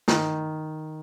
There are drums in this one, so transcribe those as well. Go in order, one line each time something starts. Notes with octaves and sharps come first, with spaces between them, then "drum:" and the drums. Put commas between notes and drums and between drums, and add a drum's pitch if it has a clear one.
D#3, drum: snare